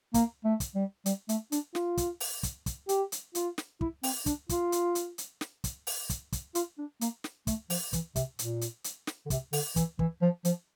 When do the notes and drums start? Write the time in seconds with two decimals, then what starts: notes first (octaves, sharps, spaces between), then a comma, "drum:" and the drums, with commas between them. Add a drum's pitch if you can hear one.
0.14 A#3, drum: kick, hi-hat
0.45 A3
0.60 drum: kick, hi-hat
0.75 G3
1.06 G3, drum: hi-hat
1.29 A3, drum: hi-hat
1.52 D4, drum: hi-hat
1.75 F4, drum: snare
1.97 drum: kick, hi-hat
2.20 drum: open hi-hat
2.43 drum: kick, hi-hat
2.66 drum: kick, hi-hat
2.89 G4, drum: hi-hat
3.12 drum: hi-hat
3.35 F4, drum: hi-hat
3.58 drum: snare
3.81 E4, drum: kick
4.03 C4, drum: open hi-hat
4.26 D4, drum: kick, hi-hat
4.49 F4, drum: kick, hi-hat
4.72 drum: hi-hat
4.95 drum: hi-hat
5.18 drum: hi-hat
5.41 drum: snare
5.64 drum: kick, hi-hat
5.87 drum: open hi-hat
6.10 drum: kick, hi-hat
6.32 drum: kick, hi-hat
6.55 F4, drum: hi-hat
6.78 D4
7.01 A#3, drum: hi-hat
7.24 drum: snare
7.47 A3, drum: kick, hi-hat
7.70 F3, drum: open hi-hat
7.93 E3, drum: kick, hi-hat
8.16 C3, drum: kick, hi-hat
8.39 A#2, drum: hi-hat
8.61 drum: hi-hat
8.84 drum: hi-hat
9.07 drum: snare
9.26 D3
9.30 C3, drum: kick, hi-hat
9.53 D3, drum: open hi-hat
9.76 E3, drum: kick, hi-hat
9.99 E3, drum: kick
10.22 F3
10.45 F3, drum: hi-hat